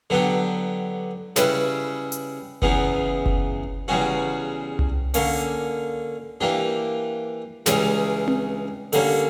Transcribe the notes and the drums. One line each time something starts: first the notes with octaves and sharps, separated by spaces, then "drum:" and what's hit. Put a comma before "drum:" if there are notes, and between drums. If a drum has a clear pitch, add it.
D3 F#3 B3 D4 G4
C#3 G3 C#4 E4 B4, drum: snare
drum: hi-hat
E2 C#3 E3 B3, drum: kick F#1
drum: kick F#1
E2 C#3 G3 C#4 F#4
drum: tom C2
D3 A#3 C#4, drum: open hi-hat
E3 A#3 D4 G4
C#2 C#3 E3 G3 C#4, drum: snare
drum: tom C4
D3 G3 A#3 C#4, drum: open hi-hat